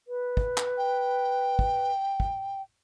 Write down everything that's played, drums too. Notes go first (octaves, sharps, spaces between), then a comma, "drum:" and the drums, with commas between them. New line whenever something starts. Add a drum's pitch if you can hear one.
B4
drum: kick
drum: clap
G5
drum: kick
drum: kick